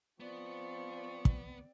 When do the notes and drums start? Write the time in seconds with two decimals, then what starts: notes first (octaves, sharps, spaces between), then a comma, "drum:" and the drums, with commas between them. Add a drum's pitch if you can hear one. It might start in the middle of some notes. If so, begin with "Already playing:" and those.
0.20 F3 B3 C4 D5 C#6
1.25 drum: kick